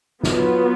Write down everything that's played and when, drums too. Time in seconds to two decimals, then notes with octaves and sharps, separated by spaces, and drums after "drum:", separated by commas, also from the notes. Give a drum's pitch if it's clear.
0.23 F#3 B3 F4, drum: snare